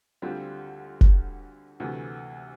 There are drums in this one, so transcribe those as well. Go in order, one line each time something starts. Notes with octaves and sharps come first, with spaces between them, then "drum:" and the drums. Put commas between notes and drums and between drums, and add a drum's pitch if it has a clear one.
D2 D3 G3 C4 F4
drum: kick
D2 C3 E3 A3